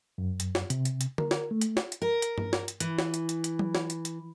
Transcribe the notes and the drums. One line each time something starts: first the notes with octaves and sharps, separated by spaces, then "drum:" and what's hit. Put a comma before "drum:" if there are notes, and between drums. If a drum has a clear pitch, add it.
F#2
drum: hi-hat
drum: snare
C3, drum: hi-hat
drum: hi-hat
drum: hi-hat
A#4, drum: tom D3
drum: snare
A3
drum: hi-hat
drum: snare
drum: hi-hat
A#4
drum: hi-hat
drum: tom G2
drum: snare
drum: hi-hat
E3, drum: hi-hat
drum: snare
drum: hi-hat
drum: hi-hat
drum: hi-hat
drum: tom F#3
drum: snare
drum: hi-hat
drum: hi-hat